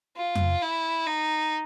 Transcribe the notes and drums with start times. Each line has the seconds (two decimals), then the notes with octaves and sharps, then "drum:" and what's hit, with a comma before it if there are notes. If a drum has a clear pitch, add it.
0.17 F4
0.35 drum: tom F2
0.62 E4
1.06 D#4